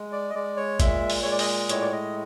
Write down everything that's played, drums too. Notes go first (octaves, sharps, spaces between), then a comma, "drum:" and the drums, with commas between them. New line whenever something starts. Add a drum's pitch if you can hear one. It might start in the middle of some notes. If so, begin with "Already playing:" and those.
Already playing: G#3
D5
D#5
G#3 D5
C#5
A#2 E5, drum: kick G#1, hi-hat
drum: open hi-hat
G#3 C#5
D5
D#5, drum: open hi-hat
A2 C#5, drum: hi-hat
D5
D#5